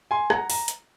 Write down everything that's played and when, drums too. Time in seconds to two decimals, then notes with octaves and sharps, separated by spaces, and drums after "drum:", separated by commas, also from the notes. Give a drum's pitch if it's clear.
0.11 G#5 C6
0.30 F#5 A#5, drum: rim click
0.50 A#5, drum: open hi-hat
0.68 drum: hi-hat